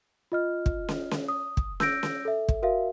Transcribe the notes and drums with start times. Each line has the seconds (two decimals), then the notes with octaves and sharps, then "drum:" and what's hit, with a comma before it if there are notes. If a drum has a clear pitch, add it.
0.32 F4 D#5 F6
0.66 drum: kick
0.89 drum: snare
1.11 drum: snare
1.28 D#6
1.57 drum: kick
1.80 E6 G6 A#6 D7, drum: snare
2.03 drum: snare
2.25 A4 E5
2.48 drum: kick
2.63 F#4 A#4 E5 F5